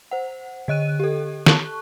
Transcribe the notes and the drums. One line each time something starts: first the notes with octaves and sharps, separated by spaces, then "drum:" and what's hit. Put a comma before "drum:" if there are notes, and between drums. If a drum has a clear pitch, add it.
C5 F#5
D3 D#5 F#6 D#7
G4 A4
A5 C#6 F#6, drum: snare